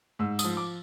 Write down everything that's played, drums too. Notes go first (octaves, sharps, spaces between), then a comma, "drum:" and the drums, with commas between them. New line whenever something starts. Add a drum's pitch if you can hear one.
G#2 E6
D#6, drum: tambourine
F3
D6